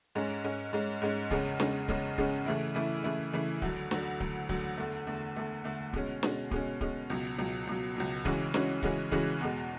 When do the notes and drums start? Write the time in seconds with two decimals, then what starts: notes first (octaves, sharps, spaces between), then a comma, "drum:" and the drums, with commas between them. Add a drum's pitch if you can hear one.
0.15 G#2 G#3 C#4
0.44 G#2 G#3 C#4
0.73 G#2 G#3 C#4
1.02 G#2 G#3 C#4
1.31 E2 C#3 G#3 C#4, drum: kick D1
1.60 E2 C#3 G#3 C#4, drum: snare
1.88 E2 C#3 G#3 C#4, drum: kick D1
2.18 E2 C#3 G#3 C#4, drum: kick D1
2.46 C#3 E3 A3 E4
2.75 C#3 E3 A3 E4
3.04 C#3 E3 A3 E4
3.33 C#3 E3 A3 E4
3.62 D2 D3 F#3, drum: kick D1
3.91 D2 D3 F#3, drum: snare
4.20 D2 D3 F#3, drum: kick D1
4.49 D2 D3 F#3, drum: kick D1
4.77 E2 D3 A3
5.07 E2 D3 A3
5.36 E2 D3 A3
5.64 E2 D3 A3
5.93 B2 G#3 C#4, drum: kick D1
6.23 B2 G#3 C#4, drum: snare
6.51 B2 G#3 C#4, drum: kick D1
6.81 B2 G#3 C#4, drum: kick D1
7.10 C#2 B2 F#3
7.38 C#2 B2 F#3
7.67 C#2 B2 F#3
7.96 C#2 B2 F#3
8.25 C#3 E3 G#3 C#4 F#4, drum: kick D1
8.54 C#3 E3 G#3 C#4 F#4, drum: snare
8.83 C#3 E3 G#3 C#4 F#4, drum: kick D1
9.12 C#3 E3 G#3 C#4 F#4, drum: kick D1
9.41 E2 B2 G#3